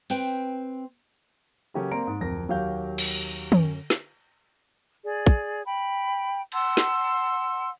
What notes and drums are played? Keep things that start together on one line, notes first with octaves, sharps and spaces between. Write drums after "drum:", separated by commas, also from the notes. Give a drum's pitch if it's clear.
C4 B4 G5, drum: open hi-hat
C#3 F#3 C#4 G4 A4 A#4
A#3 C4 D5 A#5 C6 D7
G#2
D1 F2 A#4 A#6
D#2 F#3 G4 F5 G6
drum: cymbal
F#2 C#4, drum: tom
drum: snare
G#4 D5
drum: kick
G5 B5
F#5 A5 C6 E6, drum: cymbal
drum: snare